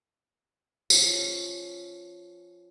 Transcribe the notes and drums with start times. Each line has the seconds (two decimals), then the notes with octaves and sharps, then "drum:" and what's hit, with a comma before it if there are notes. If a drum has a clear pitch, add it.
0.90 F3 C#4, drum: tambourine